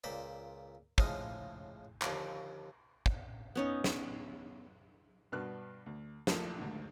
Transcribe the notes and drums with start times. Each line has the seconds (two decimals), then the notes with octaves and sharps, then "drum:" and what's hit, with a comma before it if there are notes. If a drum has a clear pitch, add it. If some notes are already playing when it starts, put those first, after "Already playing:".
0.04 C#2 A#2 C5 D5 B5
0.98 A2 C#3 F3 G#3 F5 D#6, drum: kick
2.02 D#2 D3 F3, drum: clap
3.06 drum: kick
3.55 B3 C#4 D#4
3.84 drum: snare
5.32 G2 B2 B3 D4 F6 F#6
5.86 D2
6.27 A#1 A2 F3 A4 A#4 D#6, drum: snare
6.58 D2 G#2 D#3